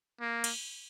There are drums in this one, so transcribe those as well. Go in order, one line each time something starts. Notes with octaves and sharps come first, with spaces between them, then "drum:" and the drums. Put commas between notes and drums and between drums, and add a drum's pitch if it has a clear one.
A#3
drum: cymbal